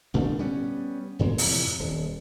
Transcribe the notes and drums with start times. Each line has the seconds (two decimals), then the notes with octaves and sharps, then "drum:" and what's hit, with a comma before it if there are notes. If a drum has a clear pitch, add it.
0.14 A1 A#2 D3 A3
0.39 G3 B3 C#4
1.19 G1 A2 G#3
1.38 F2 C3 E3, drum: open hi-hat
1.79 D#1